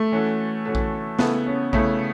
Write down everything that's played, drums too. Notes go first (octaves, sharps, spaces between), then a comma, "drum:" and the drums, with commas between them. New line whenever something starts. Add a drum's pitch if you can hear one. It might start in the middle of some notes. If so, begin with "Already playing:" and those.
Already playing: A3
E3 C#4 F#4 A4
E3 C#4 F#4 A4
drum: kick A#1
C#3 A3 B3 E4 A4, drum: snare
C#4
C#3 A3 C#4 E4 A4, drum: kick A#1